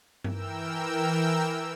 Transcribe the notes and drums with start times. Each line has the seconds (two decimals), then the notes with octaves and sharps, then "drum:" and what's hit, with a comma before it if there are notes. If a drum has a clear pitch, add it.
0.24 E3 A#4 G5 E6, drum: tom G2